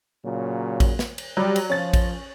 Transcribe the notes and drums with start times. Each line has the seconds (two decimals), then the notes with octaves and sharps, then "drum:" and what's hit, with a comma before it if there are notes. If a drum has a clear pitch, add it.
0.25 A#2 C#3 F#3
0.80 drum: kick A1, cymbal
0.99 drum: snare
1.18 drum: cymbal
1.37 F#3 G3 D5
1.56 drum: cymbal
1.70 F3 C#4 A6
1.94 drum: kick A1, cymbal